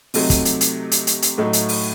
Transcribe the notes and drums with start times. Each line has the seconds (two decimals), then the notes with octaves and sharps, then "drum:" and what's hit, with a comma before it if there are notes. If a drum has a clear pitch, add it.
0.14 C3 F#3 A3 C4 D#4, drum: open hi-hat
0.30 drum: kick, hi-hat
0.45 drum: hi-hat
0.61 drum: hi-hat
0.91 drum: hi-hat
1.07 drum: hi-hat
1.22 drum: hi-hat
1.38 A2 F#3 A3 D#4
1.53 drum: hi-hat
1.69 drum: open hi-hat